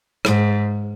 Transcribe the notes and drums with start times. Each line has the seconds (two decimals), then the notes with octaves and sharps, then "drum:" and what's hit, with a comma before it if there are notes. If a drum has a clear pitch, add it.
0.25 G#2, drum: rim click